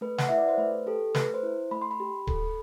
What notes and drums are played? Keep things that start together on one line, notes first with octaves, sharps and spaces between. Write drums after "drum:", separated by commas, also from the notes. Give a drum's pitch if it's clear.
A3 B4
F#5, drum: snare
E4 E5
D5
C5
A3 B4
G4 A4
A3 B4, drum: snare
C5
E4
A3 B5
C6
B5
G4
A4, drum: kick D1